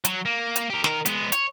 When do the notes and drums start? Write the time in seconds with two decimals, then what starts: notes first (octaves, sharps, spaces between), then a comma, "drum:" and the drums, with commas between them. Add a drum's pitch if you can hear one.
0.05 F#3, drum: hi-hat
0.26 A#3
0.56 drum: hi-hat
0.70 G4 A#4
0.84 D#3 A#4, drum: snare
1.06 G#3 B3, drum: hi-hat
1.32 C#5, drum: hi-hat